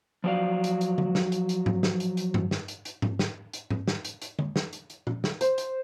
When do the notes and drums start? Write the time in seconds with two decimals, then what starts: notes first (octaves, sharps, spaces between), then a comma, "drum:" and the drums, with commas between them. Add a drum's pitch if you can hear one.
0.24 F3 F#3 D5 F5
0.64 drum: hi-hat
0.81 drum: hi-hat
0.98 drum: tom D3
1.15 drum: snare
1.32 drum: hi-hat
1.49 drum: hi-hat
1.66 drum: tom G#2
1.83 drum: snare
2.00 drum: hi-hat
2.17 drum: hi-hat
2.34 drum: tom G2
2.51 drum: snare
2.68 drum: hi-hat
2.85 drum: hi-hat
3.02 drum: tom G#2
3.19 drum: snare
3.53 drum: hi-hat
3.70 drum: tom G#2
3.88 drum: snare
4.05 drum: hi-hat
4.22 drum: hi-hat
4.39 drum: tom D3
4.56 drum: snare
4.73 drum: hi-hat
4.90 drum: hi-hat
5.07 drum: tom A#2
5.24 drum: snare
5.41 C5, drum: hi-hat
5.58 drum: hi-hat